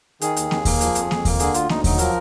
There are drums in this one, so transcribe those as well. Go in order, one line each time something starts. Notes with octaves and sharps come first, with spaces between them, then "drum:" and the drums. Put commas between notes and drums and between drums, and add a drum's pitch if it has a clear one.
D#3 G#4, drum: hi-hat
D#2, drum: hi-hat
D#2, drum: snare A#3
A#3, drum: kick D#2, open hi-hat
F3, drum: hi-hat
F2, drum: hi-hat
F2, drum: snare A#3
A#3, drum: kick D#2, open hi-hat
D3 G#4, drum: hi-hat
D2 F4, drum: hi-hat
D2 D#4, drum: snare A#3
F#3 D#4, drum: kick D#2, open hi-hat
F3 A#4, drum: hi-hat